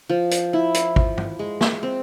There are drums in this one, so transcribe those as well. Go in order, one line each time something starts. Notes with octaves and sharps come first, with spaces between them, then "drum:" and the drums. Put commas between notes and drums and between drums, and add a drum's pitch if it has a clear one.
F3
drum: hi-hat
E4
drum: hi-hat
F3, drum: kick
drum: tom G2
G#3
drum: snare
C4